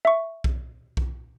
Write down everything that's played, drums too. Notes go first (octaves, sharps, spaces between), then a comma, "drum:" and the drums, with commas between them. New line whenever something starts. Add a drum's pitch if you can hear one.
E5 C#6
drum: kick B1
drum: kick B1